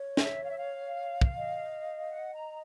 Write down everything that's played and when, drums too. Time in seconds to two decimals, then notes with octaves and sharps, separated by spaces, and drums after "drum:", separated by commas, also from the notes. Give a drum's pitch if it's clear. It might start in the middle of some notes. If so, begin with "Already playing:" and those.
Already playing: C#5
0.17 E5, drum: snare
0.42 F5
0.48 E5
0.57 F5
1.21 drum: kick
1.37 D#5
2.09 F#5
2.33 A#5